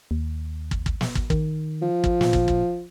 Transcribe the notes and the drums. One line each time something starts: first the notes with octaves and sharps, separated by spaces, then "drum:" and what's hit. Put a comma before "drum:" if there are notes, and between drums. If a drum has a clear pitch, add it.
D#2
drum: kick
drum: kick
drum: snare
drum: kick
D#3, drum: kick
F3
drum: kick
A#2, drum: snare
drum: kick
drum: kick